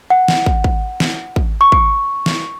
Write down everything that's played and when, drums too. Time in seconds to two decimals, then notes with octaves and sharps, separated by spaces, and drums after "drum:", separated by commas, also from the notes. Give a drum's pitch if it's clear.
0.10 F#5
0.28 drum: snare
0.46 drum: kick
0.64 drum: kick
1.00 drum: snare
1.36 drum: kick
1.61 C#6
1.72 drum: kick
2.26 drum: snare